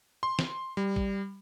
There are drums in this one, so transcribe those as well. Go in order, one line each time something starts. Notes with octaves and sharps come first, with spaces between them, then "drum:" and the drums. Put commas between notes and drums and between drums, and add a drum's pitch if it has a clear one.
C6
drum: snare
G3
drum: kick